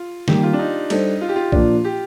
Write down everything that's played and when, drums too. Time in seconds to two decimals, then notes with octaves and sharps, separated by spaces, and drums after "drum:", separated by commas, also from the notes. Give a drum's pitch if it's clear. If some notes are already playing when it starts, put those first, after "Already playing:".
Already playing: F4
0.28 D#3 G3 A#3 G4, drum: snare
0.43 F4
0.53 D4
0.59 D#4
0.90 G3 D4 D#4 A4 C5, drum: cymbal
1.21 F4
1.29 G4
1.36 F4
1.52 A#2 F3 A#3 D4, drum: kick
1.84 G4